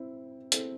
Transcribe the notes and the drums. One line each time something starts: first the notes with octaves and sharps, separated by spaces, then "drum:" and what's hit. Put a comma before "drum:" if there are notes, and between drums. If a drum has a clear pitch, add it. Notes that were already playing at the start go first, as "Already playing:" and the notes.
Already playing: C4 E4
C4 E4 A4, drum: hi-hat